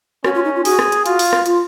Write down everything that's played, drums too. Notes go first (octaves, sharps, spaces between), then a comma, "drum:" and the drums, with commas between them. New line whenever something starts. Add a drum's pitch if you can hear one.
C#4 F#4, drum: rim click
F4
D#4
F4
F#4 G#4, drum: open hi-hat
drum: rim click
drum: hi-hat
F4 F#4, drum: hi-hat
drum: open hi-hat
drum: rim click
F4, drum: hi-hat